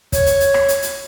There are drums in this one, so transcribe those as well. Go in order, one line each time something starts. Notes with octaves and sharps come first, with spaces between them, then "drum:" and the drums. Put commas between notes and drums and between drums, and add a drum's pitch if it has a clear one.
C#5, drum: kick, hi-hat
drum: hi-hat
drum: hi-hat
drum: rim click
drum: hi-hat
drum: hi-hat